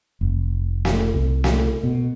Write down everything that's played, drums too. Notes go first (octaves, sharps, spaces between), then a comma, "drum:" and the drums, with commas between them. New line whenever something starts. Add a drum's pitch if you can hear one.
F1
drum: snare
C2
drum: snare
B2